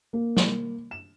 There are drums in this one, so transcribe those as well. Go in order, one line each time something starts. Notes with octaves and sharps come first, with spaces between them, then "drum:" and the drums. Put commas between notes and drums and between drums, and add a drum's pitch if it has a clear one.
A#3
drum: snare
E7